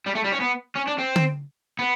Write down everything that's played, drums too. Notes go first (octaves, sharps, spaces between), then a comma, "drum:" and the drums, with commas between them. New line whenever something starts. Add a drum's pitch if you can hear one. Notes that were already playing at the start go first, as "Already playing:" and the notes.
G3
A3
G3
C#4
B3
C#4
D4
C4
drum: tom D3
B3